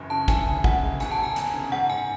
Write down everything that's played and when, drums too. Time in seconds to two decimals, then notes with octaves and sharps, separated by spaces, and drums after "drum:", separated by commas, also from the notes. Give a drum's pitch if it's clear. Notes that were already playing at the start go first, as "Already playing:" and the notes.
Already playing: F#1 F#2 E3
0.10 C#3 A5
0.28 D2 G#5, drum: kick, hi-hat
0.46 D2
0.64 C#3 F#5, drum: kick
0.82 G#3
1.00 E1 G#5, drum: hi-hat
1.11 A5
1.18 E1
1.23 G#5
1.36 E2, drum: hi-hat
1.54 C#3
1.71 G#2 F#5
1.90 G#2 G#5